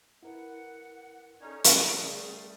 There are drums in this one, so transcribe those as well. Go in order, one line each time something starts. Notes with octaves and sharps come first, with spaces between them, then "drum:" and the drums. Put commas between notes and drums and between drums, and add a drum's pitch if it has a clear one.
E4 A#4 B4 F#5
C#4 D#4 A4 C#5 D5
G3 A3 C#4 G#4 A#4, drum: hi-hat